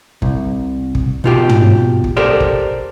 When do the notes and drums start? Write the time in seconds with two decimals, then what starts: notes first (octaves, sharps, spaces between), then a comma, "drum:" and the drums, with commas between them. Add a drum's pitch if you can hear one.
0.22 C2, drum: kick
0.95 drum: kick
1.24 B2 F4 G4
1.49 drum: tom
2.04 drum: kick
2.17 G4 A4 A#4 C5 D5
2.40 drum: kick